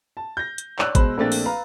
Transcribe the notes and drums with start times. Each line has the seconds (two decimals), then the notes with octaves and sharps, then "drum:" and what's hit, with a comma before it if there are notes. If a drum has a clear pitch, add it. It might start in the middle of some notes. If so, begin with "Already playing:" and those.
0.17 A5
0.37 G6 A#6
0.58 drum: hi-hat
0.79 C#5 D5 E6 F#6, drum: clap
0.95 B2 G#3 C5 B5, drum: kick G#1, hi-hat
1.18 A#1 A3 A#3 C4 D4 A6
1.32 drum: open hi-hat
1.45 B4 F5 A#5